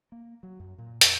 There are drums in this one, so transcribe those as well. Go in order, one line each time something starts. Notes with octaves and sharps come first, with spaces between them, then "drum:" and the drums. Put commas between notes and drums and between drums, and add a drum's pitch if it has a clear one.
A#3
F#3
F#2
A#2
F2, drum: hi-hat